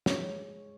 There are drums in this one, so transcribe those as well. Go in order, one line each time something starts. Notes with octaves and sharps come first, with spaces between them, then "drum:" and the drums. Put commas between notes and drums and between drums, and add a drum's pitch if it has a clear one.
G#3 C#5, drum: snare